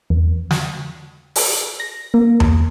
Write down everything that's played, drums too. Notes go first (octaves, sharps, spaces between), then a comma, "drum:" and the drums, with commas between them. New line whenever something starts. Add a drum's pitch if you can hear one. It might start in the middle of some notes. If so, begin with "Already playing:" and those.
E2
drum: snare
drum: open hi-hat
A#6
A#3
drum: tom E2